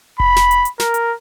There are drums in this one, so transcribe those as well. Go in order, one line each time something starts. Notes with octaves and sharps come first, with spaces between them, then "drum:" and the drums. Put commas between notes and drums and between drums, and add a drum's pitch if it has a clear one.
B5, drum: kick F1
drum: snare
drum: hi-hat
drum: hi-hat
A#4, drum: snare
drum: hi-hat